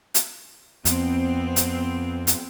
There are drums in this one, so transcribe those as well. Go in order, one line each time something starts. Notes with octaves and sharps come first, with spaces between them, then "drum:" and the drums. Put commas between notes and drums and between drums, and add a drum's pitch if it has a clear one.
drum: hi-hat
F2 B3 C4, drum: hi-hat
drum: hi-hat
drum: hi-hat